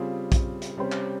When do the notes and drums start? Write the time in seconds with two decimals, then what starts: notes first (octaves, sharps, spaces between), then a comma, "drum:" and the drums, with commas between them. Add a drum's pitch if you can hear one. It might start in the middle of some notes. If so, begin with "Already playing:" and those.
Already playing: C#3 G3 C4 F4 G#4
0.32 drum: kick, hi-hat
0.62 drum: hi-hat
0.77 C3 G3 C#4 G4 C5
0.92 drum: clap